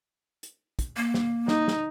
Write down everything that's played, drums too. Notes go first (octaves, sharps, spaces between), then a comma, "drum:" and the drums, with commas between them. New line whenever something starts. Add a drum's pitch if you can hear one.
drum: hi-hat
drum: kick, hi-hat
A#3
drum: snare
D#4, drum: snare
drum: snare